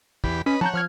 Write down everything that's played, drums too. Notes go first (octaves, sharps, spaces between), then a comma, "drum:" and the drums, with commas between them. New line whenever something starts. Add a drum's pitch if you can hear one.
E2 G4 B5, drum: kick
C#4 B4 D#5 B5
C#5 F#5 A5 A#5 G6, drum: tom
F3 F6 G#6